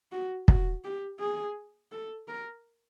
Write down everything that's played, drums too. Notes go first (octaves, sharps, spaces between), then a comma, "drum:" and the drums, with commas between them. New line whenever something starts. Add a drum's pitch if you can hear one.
F#4
F#4, drum: kick
G4
G#4
A4
A#4